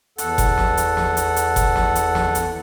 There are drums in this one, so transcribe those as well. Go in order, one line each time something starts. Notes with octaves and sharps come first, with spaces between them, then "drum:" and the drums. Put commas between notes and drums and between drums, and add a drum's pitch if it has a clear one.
E2 A4 F#5, drum: hi-hat
drum: kick F#1, hi-hat
drum: snare
drum: hi-hat
drum: snare
drum: hi-hat
drum: hi-hat
drum: kick F#1, hi-hat
drum: snare
drum: hi-hat
drum: snare
drum: hi-hat